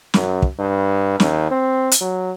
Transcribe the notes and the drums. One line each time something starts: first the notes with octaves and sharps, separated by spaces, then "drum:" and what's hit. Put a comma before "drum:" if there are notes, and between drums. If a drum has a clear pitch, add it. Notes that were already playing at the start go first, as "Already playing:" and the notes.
F#2, drum: snare
drum: kick
G2
D#2, drum: snare
C4
drum: hi-hat
F#3